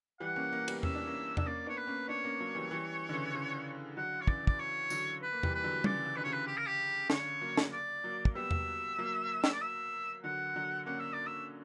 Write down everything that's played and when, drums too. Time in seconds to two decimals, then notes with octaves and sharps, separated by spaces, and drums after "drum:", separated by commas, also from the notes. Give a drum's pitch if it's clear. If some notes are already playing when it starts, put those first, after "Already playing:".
0.20 E3 G3 F#5
0.36 A#3 C#4
0.52 A#3 C#4
0.68 G3 B3, drum: cymbal
0.83 C#4 E5, drum: tom E2
0.95 D4
1.07 A#3 C#4
1.37 D4 E5, drum: tom E2
1.45 A#3 C#4 D5
1.67 B3 D4 C#5
1.77 B4
1.87 A#3 C#4
2.08 B3 D4 C#5
2.24 A#3 C#4
2.40 F#3 A#3
2.55 E3 G3
2.71 E3 G3
3.09 D3
3.13 C#3 E3
3.34 C#3 E3
3.97 D3 F#3 F#5
4.21 C#5
4.27 C#3 E3 D5, drum: kick
4.47 D5, drum: kick
4.60 C#5
4.90 D3 F#3, drum: tambourine
5.22 B4
5.32 A#3
5.43 E3 G3, drum: tom E2
5.54 B4
5.64 D3 F#3
5.84 C#3 E3 D5, drum: tom
6.05 C#3
6.16 D3 B4
6.24 C#3 C#5
6.32 B4
6.47 G4
6.58 A#4
6.67 G4
7.10 D3 C#5, drum: snare
7.41 F#3 A#3
7.57 drum: snare
7.73 D5
8.04 F#3 A#3
8.25 drum: kick
8.35 G3 B3 E5
8.51 drum: tom E2
8.99 F#3 A#3
9.44 drum: snare
9.53 D5
9.61 E5
10.24 D3 F#3 F#5
10.56 D3 F#3
10.86 A#3 C#4 F#5
11.00 E5
11.13 D5
11.26 E5